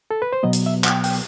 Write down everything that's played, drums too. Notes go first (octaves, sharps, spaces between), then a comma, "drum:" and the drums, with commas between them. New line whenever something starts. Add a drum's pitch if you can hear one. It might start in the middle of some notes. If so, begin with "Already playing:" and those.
A4
B4
C5
B2 F#3 B3 D#5
drum: hi-hat
E5
F#5, drum: clap
G5
G5, drum: open hi-hat